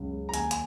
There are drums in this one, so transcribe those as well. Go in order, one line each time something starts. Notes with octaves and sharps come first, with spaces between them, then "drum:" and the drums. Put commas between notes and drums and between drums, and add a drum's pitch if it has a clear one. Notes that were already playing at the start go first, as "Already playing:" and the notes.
Already playing: C#2 F#2 C#3
C#2
A#5
D#2 G#5, drum: hi-hat
drum: hi-hat